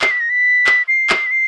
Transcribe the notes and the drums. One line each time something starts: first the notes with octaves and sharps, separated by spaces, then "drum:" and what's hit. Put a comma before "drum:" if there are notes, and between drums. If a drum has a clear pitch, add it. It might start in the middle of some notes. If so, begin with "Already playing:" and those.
C7, drum: clap
B6
A#6
B6
drum: clap
C7
drum: clap
B6
C7